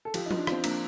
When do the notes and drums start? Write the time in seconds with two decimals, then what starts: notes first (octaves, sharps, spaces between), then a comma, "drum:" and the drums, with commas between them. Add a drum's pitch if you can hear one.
0.05 A4
0.14 F3 G4, drum: cymbal
0.26 D#4
0.31 F4, drum: tom F3
0.39 D4
0.47 F3 C4, drum: rim click
0.64 A#3 D4, drum: cymbal